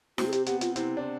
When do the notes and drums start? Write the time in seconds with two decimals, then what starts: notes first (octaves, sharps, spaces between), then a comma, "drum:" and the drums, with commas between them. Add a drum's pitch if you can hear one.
0.18 C3 C4 F#4, drum: snare E4
0.27 G#4
0.33 G4, drum: hi-hat
0.46 B3 G4, drum: hi-hat
0.61 F4, drum: hi-hat
0.76 C3 C4 E4, drum: hi-hat
0.97 D4